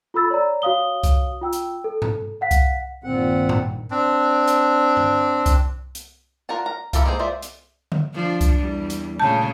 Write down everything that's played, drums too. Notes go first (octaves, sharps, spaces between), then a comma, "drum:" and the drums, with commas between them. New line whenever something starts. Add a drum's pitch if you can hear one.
F4 A4 B5 E6 A6
C#5 D5 A#5
F#4 C#5 F5 D#6 G7
drum: kick C2, hi-hat
F4 G5 E6
drum: hi-hat
A4
drum: tom G#2
F5 F#5 B6
drum: kick C2, hi-hat
A#1 G2 A#2 D#3 C4 F#5
drum: tom G#2
C4 D4
drum: hi-hat
drum: tom G2
drum: kick C2, hi-hat
drum: hi-hat
F4 A#4 D5 F#5 A5
A#5
E4 G4 A4 A#4 F5, drum: kick C2, hi-hat
G#3 A#3 G#4 C5
G#3 F4 C5 D5 E5
drum: hi-hat
drum: tom D3
F3 D4
drum: kick C2, hi-hat
E2 G3
drum: hi-hat
A#2 C#3 A3 A5 G6